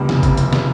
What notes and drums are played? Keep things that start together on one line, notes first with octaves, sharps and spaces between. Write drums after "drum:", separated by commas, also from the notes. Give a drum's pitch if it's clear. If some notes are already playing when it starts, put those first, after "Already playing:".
Already playing: C#2 G3 A#3
F1, drum: snare
F1, drum: kick G#1, hi-hat
F1, drum: hi-hat
drum: snare